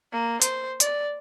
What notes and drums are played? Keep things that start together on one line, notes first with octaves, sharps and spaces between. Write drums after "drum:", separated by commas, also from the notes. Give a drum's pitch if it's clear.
A#3
C5, drum: hi-hat
D5, drum: hi-hat